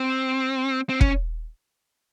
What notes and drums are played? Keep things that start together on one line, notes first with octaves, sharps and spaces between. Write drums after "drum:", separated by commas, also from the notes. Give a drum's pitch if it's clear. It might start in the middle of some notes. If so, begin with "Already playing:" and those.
Already playing: C4
C4
C#4, drum: kick